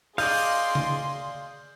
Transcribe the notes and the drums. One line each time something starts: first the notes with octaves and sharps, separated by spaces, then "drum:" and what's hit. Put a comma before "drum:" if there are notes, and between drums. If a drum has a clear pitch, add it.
G#4 D5 D#5 F5 C6 G6, drum: open hi-hat
drum: tom C#3